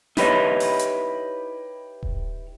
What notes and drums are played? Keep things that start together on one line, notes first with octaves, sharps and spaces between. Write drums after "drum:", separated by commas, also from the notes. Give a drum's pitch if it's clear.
D#4 E4 G4 B4 C#5 D#5, drum: snare
drum: open hi-hat
drum: hi-hat
drum: kick D#1